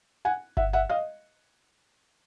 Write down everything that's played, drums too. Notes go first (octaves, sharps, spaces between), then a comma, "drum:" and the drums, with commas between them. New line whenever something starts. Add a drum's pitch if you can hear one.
F#5 G#5
E5 F#5, drum: kick G1
E5 F#5
D#5 F5